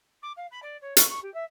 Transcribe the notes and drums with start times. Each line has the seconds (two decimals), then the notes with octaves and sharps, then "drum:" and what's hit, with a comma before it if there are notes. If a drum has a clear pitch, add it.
0.22 D6
0.36 F5
0.51 B5
0.62 D5
0.81 C#5
0.97 C#6, drum: hi-hat
1.09 C#6
1.22 G4
1.34 E5